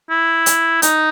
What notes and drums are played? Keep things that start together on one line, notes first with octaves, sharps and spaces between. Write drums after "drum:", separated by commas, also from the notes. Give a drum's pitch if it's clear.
E4
drum: hi-hat
D#4, drum: hi-hat